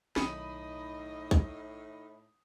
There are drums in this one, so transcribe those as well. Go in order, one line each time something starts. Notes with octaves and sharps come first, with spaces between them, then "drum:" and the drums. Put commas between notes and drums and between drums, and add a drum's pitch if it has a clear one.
B1 A2 D#3 D#4 D#5 B5 D#6 D#7, drum: snare
drum: kick B1